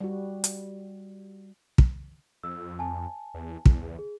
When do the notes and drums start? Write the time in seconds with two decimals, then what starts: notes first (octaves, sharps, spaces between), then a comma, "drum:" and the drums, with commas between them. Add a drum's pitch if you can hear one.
0.01 G3 F#4
0.44 drum: hi-hat
1.78 drum: kick
2.43 F2 E6
2.79 G#5 A5
3.34 E2
3.66 E2, drum: kick
3.99 G#4